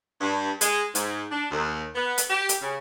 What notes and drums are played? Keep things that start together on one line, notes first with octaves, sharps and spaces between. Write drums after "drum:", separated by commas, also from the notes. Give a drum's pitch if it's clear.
G2
G#3, drum: hi-hat
G#2, drum: hi-hat
D4
D#2
B3
drum: hi-hat
G4
drum: hi-hat
C#3